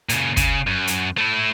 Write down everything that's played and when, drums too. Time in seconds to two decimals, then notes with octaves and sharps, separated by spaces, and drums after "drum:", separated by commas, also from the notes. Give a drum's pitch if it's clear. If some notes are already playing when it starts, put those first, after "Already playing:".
0.09 A#2 C#3, drum: hi-hat
0.37 C#3, drum: kick, hi-hat
0.67 F#2
0.87 drum: hi-hat
1.18 A3 E4